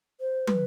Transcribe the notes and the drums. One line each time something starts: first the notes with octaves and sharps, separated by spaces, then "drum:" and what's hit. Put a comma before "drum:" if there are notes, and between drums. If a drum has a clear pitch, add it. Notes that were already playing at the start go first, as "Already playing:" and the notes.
C5
B4, drum: tom